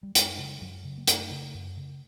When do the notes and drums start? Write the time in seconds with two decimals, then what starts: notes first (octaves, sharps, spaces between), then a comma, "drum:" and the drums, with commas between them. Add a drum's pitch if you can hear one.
0.03 G3
0.15 F#2 G#3, drum: hi-hat
0.38 C#3
0.61 F#2 F#3
0.84 C#3
0.98 A#3
1.07 F#2 A3, drum: hi-hat
1.31 C#3
1.54 F#2
1.77 C#3